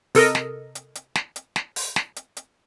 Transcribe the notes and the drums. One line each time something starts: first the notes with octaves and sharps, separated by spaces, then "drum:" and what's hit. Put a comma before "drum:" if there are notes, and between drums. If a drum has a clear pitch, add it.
C3 A4 A#4 D#5, drum: open hi-hat
drum: snare
drum: hi-hat
drum: hi-hat
drum: snare
drum: hi-hat
drum: snare
drum: open hi-hat
drum: snare
drum: hi-hat
drum: hi-hat